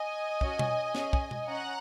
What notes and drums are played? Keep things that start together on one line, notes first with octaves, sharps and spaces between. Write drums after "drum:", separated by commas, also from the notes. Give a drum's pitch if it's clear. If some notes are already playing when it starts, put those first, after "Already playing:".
Already playing: D#5 G#5
C#4 F#4, drum: kick
drum: tom B2
C#4 G#4, drum: snare
drum: kick
drum: tom B2
C#4 F#5 A#5